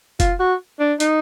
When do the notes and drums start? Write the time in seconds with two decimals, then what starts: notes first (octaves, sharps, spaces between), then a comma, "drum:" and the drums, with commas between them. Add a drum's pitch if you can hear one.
0.20 F4, drum: kick F1, hi-hat
0.40 F#4
0.80 D4
1.00 D#4, drum: hi-hat